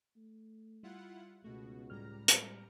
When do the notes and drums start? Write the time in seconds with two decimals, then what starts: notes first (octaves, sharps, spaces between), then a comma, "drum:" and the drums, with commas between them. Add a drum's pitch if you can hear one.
0.16 A3
0.83 G3 E4 F4 F#5
1.44 C#2 B2 A3 F#4
1.90 A2 G3 G#3 A#5 F6
2.28 drum: hi-hat